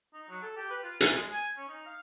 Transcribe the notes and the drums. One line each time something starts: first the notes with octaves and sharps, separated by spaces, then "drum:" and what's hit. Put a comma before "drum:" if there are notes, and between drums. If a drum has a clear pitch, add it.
D#4
F#3
A4
G4
B4
F4
G#5, drum: hi-hat
G#3
G#5
C#4
D#4
F5